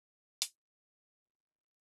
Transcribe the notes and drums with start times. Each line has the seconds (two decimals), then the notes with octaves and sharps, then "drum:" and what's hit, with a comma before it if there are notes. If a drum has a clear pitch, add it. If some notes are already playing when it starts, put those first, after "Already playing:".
Already playing: C#2 C#3 E3 D#4
0.42 E4, drum: hi-hat
0.49 C#2 C#3 E3 D#4
1.13 F#4
1.24 C#2 C#3 E3 F4
1.48 D#4